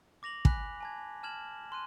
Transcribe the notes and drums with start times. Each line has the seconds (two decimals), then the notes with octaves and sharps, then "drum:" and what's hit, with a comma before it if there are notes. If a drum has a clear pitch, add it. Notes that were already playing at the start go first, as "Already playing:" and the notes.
0.23 D6 A#6 F7 F#7
0.45 G#5 B5 F#6 B6, drum: kick
0.81 G#5 A5 G#6
1.23 A5 F6 G#6 E7 F#7
1.72 C6 F#6 D#7